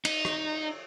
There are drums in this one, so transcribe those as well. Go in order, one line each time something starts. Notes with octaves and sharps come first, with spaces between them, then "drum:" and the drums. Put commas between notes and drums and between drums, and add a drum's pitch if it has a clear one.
D#4, drum: cymbal
drum: rim click